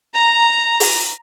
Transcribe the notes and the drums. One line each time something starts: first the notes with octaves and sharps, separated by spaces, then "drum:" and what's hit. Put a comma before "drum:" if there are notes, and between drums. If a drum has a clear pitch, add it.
A#5
drum: open hi-hat